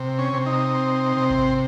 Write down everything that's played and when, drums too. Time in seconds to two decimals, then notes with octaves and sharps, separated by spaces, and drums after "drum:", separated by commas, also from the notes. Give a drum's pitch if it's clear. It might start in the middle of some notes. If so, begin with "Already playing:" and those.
Already playing: C3
0.19 C#4
0.33 C3
0.46 D#4
0.75 C4
1.17 C3
1.30 drum: kick G#1